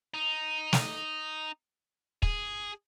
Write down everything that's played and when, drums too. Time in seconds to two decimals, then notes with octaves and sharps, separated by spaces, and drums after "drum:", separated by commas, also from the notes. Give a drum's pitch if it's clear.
0.14 D#4
0.73 drum: snare
2.23 G#4, drum: kick